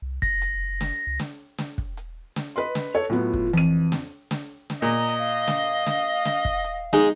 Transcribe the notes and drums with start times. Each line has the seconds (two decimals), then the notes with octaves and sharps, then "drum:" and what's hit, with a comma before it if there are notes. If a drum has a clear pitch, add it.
0.02 C2
0.22 F#1 A#6, drum: kick
0.42 drum: hi-hat
0.81 drum: snare
1.07 C#2
1.19 drum: snare
1.58 drum: snare
1.78 drum: kick
1.97 drum: hi-hat
2.36 drum: snare
2.56 B4 D#5 C6
2.75 drum: snare
2.94 A4 C#5
3.10 A2 F#3 B3 F4
3.34 drum: kick
3.53 F2 E3 D#7, drum: hi-hat
3.92 drum: snare
4.31 drum: snare
4.70 drum: snare
4.82 A#2 D#5 A#5
5.09 drum: hi-hat
5.19 F5
5.48 drum: snare
5.86 drum: snare
6.25 drum: snare
6.45 drum: kick
6.64 drum: hi-hat
6.93 G#3 D#4